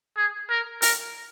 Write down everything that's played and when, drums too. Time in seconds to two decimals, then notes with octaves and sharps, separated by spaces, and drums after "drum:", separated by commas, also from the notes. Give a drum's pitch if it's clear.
0.17 G#4
0.50 A#4
0.82 A#4, drum: open hi-hat